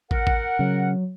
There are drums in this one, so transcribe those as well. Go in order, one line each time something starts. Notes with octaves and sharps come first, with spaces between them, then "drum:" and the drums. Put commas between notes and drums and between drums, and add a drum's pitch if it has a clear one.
A#4 F#5, drum: kick
drum: kick
C#3 F#3